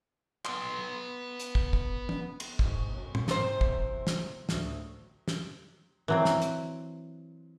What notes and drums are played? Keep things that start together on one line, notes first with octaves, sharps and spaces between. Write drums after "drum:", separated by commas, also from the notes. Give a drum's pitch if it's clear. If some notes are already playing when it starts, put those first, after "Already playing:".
B3 C6, drum: clap
drum: hi-hat
drum: kick
drum: kick
drum: tom
drum: cymbal
G#2 B2, drum: kick
B1 F#2
drum: tom
G#2 C3 C5, drum: snare
E2, drum: kick
drum: snare
A1 D2, drum: snare
drum: snare
E3 F#3 C4
drum: snare
drum: hi-hat